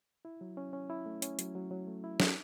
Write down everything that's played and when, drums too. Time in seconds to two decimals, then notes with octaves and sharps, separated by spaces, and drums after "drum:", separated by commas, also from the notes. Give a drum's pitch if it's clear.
0.25 E4
0.41 F#3
0.57 C#4
0.73 C#4
0.90 E4
1.06 A3
1.22 C#4, drum: hi-hat
1.39 F#3, drum: hi-hat
1.55 F#3
1.71 F#3
1.87 A3
2.04 E4
2.20 D#4, drum: snare